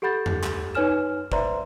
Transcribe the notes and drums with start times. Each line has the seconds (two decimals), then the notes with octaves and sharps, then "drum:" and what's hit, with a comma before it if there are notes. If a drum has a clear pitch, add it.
0.02 G4 A4 F#5 B5 G6 A6
0.26 drum: tom E2
0.44 drum: clap
0.75 D#4 B4 C#5 G#5 F6 E7
1.32 B4 C5 D5 E5 A#5 C6, drum: kick